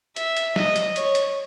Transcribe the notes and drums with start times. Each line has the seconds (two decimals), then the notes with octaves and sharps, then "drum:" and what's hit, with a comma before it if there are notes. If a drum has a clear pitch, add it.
0.16 E5, drum: hi-hat
0.36 drum: hi-hat
0.56 D#5, drum: snare
0.76 drum: hi-hat
0.96 C#5, drum: hi-hat
1.15 drum: hi-hat